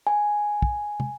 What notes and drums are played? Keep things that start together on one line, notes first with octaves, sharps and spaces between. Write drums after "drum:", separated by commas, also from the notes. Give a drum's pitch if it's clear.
G#5
drum: kick
drum: tom